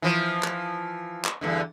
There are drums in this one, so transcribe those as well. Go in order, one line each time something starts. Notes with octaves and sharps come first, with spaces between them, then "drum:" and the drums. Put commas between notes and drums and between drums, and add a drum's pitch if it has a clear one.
E3 F3
drum: clap
drum: clap
E2 G2 D3